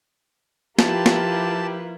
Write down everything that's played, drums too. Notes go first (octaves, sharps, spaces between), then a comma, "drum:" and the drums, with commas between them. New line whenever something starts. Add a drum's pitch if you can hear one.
F3 A#3 E4 F4 G4 B4 A5, drum: snare
drum: snare